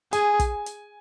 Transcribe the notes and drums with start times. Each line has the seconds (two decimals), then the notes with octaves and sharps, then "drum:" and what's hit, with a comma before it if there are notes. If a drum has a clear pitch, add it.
0.13 G#4 G#5, drum: hi-hat
0.39 drum: kick, hi-hat
0.66 drum: hi-hat